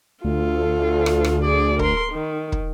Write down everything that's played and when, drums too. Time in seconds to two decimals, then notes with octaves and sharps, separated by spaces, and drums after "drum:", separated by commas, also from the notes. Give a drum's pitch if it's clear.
0.24 D2 F4 A4
1.06 drum: rim click
1.24 drum: rim click
1.44 G#4 D5
1.79 A#4 C6, drum: kick
2.13 D#3
2.52 drum: kick